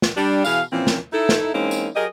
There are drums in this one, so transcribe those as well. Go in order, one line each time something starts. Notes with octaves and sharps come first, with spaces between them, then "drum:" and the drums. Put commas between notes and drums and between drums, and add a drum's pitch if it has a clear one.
drum: snare
G3 D4
B2 E3 G#4 F5, drum: tambourine
A#2 E3 F3 A#3 C4 C#4
drum: snare
D#4 E4 A4
drum: snare
E3 G#3 A#3 C4 C#4 D#4
drum: tambourine
F#3 G4 G#4 A#4 D#5